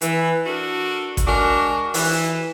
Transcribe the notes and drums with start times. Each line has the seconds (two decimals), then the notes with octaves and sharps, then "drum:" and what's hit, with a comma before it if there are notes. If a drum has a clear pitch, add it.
0.01 E3, drum: hi-hat
0.46 D4 F#4 A4 A#4
1.17 drum: kick G#1, hi-hat
1.26 G#3 D4 F#4 A#4
1.94 E3, drum: open hi-hat